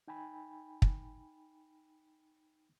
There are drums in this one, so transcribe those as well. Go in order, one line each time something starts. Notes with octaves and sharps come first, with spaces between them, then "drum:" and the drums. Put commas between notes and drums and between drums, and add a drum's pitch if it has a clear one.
D#4 G5 G#5 B5
drum: kick